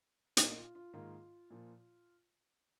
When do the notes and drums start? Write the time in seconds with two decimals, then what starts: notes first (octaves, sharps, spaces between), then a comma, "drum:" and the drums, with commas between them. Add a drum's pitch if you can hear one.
0.37 A#2 A#3 D#4, drum: hi-hat
0.49 D#4
0.56 F4
0.75 F4
0.93 G#2 D#3 A#3 F4
1.50 A#2 F3 A#3